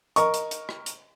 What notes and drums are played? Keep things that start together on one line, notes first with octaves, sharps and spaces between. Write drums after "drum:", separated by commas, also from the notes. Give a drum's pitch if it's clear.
A#4 D#5 C#6, drum: hi-hat
drum: hi-hat
drum: hi-hat
drum: rim click
drum: hi-hat